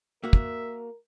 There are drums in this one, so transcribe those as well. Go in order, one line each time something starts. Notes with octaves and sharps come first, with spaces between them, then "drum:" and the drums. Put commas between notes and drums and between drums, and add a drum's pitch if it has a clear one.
A#3 F#4 A#4 E5
drum: kick